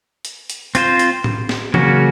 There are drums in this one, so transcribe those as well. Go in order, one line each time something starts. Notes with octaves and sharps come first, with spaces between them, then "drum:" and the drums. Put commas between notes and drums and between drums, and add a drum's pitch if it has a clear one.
drum: hi-hat
drum: hi-hat
C4 F4 C5, drum: hi-hat
drum: hi-hat
drum: tom A2
drum: snare
C#3 F#3 A#3 C#4 F#4, drum: tom E3